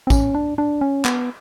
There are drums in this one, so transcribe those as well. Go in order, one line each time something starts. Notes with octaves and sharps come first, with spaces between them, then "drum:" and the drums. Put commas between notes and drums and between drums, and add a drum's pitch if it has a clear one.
C4
C#4, drum: kick, tambourine
D4
D4
C#4
B3, drum: clap